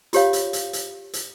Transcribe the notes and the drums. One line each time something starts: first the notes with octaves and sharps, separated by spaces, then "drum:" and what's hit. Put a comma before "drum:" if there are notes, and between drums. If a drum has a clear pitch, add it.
F4 G4 C#5 F5, drum: hi-hat
drum: hi-hat
drum: hi-hat
drum: hi-hat
drum: hi-hat